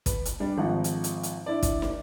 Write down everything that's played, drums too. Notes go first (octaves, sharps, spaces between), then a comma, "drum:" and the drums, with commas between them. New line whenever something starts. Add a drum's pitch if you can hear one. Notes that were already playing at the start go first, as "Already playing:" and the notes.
B4, drum: kick, hi-hat
drum: hi-hat
G3 D4 D5
G#1 F3 D#4 F#5
drum: hi-hat
drum: hi-hat
drum: hi-hat
D4 E4 D5
drum: kick, hi-hat
drum: snare